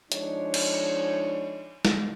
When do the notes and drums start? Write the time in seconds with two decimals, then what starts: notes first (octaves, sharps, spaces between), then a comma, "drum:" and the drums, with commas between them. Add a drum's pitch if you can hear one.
0.12 F3 G#3 D4 D#4 C#5, drum: hi-hat
0.54 drum: cymbal
1.85 drum: snare